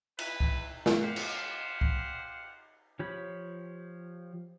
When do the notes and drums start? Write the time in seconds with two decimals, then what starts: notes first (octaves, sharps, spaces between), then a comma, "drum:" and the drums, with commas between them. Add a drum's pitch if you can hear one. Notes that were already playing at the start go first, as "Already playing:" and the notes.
0.19 E4 B4, drum: cymbal
0.40 drum: kick C2
0.86 drum: snare
1.02 G4 C5 F5 F#5
1.16 drum: cymbal
1.81 drum: kick C2
2.99 F3 G4 C#5 B5